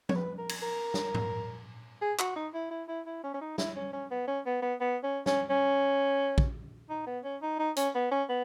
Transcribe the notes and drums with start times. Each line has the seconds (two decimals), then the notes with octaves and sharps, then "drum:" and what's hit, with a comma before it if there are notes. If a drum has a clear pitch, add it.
0.09 C#5, drum: tom F3
0.15 B4
0.38 A#4
0.49 drum: cymbal
0.62 A#4
0.94 drum: snare
1.14 drum: tom G#2
2.01 G#4
2.19 F#4, drum: clap
2.36 D#4
2.54 E4
2.71 E4
2.88 E4
3.06 E4
3.23 C#4
3.34 C#4
3.41 D#4
3.58 E4, drum: snare
3.76 C#4
3.93 C#4
4.11 B3
4.27 C#4
4.45 B3
4.62 B3
4.80 B3
5.03 C#4
5.26 C#4, drum: snare
5.49 C#4
6.38 drum: kick
6.89 D#4
7.07 B3
7.24 C#4
7.42 D#4
7.59 D#4
7.76 C#4, drum: hi-hat
7.94 B3
8.11 C#4
8.29 B3